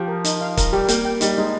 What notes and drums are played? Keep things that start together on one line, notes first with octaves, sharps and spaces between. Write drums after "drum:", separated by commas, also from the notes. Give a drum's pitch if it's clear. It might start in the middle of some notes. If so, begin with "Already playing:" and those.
Already playing: F3 G4
A#4
D#4, drum: hi-hat
F5
A#4, drum: kick C#1, hi-hat
G3 G4
A#3 G5, drum: hi-hat
G5
G3 D#4, drum: hi-hat
G#3 D#4